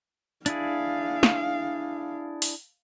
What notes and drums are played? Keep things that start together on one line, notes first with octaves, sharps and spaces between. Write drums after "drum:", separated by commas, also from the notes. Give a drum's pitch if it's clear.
D4 E4 G#4 F5, drum: hi-hat
drum: snare
drum: open hi-hat